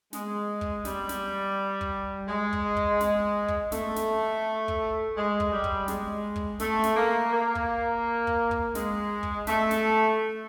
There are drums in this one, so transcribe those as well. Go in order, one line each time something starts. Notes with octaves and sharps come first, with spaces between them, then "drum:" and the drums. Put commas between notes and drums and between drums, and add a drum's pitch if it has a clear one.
G#3, drum: snare
drum: kick
G3, drum: snare
drum: snare
drum: kick
G#3
drum: kick
drum: kick
drum: snare
drum: kick
A3, drum: snare
drum: snare
drum: kick
G#3
drum: kick
G3
drum: kick
G#3, drum: snare
drum: kick
A3, drum: snare
drum: snare
A#3
A#3
drum: kick
drum: kick
drum: kick
G#3, drum: snare
drum: kick
A3, drum: snare
drum: snare